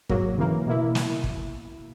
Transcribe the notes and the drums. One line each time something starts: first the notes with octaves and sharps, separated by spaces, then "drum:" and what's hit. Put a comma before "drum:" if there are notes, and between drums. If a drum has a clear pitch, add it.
G#2 F#3 A#3, drum: kick
C#3 E3 A#3
B2 A#3 E4
drum: snare
drum: kick